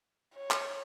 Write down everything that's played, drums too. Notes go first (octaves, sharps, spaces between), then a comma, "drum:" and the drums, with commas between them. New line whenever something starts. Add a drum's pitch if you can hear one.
C#5
drum: clap